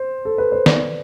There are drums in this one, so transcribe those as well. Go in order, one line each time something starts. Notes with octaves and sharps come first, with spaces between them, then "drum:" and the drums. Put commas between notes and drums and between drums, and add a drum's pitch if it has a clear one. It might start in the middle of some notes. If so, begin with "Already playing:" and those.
Already playing: C5
A4
B4
C5
D5, drum: snare